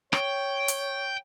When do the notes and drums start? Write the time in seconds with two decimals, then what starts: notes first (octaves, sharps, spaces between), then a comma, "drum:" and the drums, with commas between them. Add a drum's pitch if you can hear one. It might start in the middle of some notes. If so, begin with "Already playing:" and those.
0.13 C#5 G5, drum: rim click
0.68 drum: hi-hat